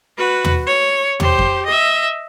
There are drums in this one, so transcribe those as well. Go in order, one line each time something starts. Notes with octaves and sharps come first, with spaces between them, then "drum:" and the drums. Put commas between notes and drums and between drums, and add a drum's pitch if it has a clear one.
F#4 B4
drum: tom
C#5
G4 C5, drum: tom
drum: kick F2
D#5 E5